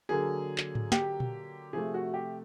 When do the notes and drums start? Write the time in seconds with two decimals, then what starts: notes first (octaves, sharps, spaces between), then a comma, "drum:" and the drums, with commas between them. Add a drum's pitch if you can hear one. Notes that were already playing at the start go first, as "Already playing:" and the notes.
0.09 D3 F#3 A#3 G#4
0.58 drum: clap
0.75 drum: tom G#2
0.92 G4, drum: snare
1.20 drum: tom A#2
1.73 C3 F3 A3 G#4
1.94 F#4
2.14 G4